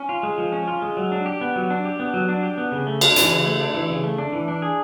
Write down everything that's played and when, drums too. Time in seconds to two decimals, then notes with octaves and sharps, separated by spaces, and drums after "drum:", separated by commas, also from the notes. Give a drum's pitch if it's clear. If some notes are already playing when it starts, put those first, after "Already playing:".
Already playing: C#4
0.09 F4
0.23 G#3
0.38 F3
0.52 C#4
0.68 F4
0.82 G#3
0.97 F#3
1.12 D4
1.26 G4
1.41 B3
1.56 F#3
1.70 D4
1.85 G4
2.00 B3
2.14 F#3
2.29 D4
2.43 G4
2.58 B3
2.72 C#3
2.87 A3
3.01 D4, drum: cymbal
3.16 E3, drum: hi-hat
3.30 C#3
3.45 A3
3.60 D4
3.74 E3
3.90 C#3
4.04 A3
4.18 D4
4.33 E3
4.48 D4
4.62 G#4